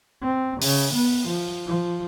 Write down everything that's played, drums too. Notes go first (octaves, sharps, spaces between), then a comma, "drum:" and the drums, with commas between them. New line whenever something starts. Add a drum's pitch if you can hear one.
C4
C#3, drum: open hi-hat
B3
F3
F3